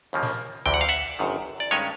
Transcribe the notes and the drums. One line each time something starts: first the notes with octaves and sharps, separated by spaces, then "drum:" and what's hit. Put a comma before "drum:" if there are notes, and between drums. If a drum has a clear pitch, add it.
D#2 C#3 F3 A#3
drum: snare
D2 C3 E3 G5, drum: tom D2
F#5
F5
E5 F#5
G1 F#2 D#3
D5
G2 D#3 G#3 C#4 C#5 D#5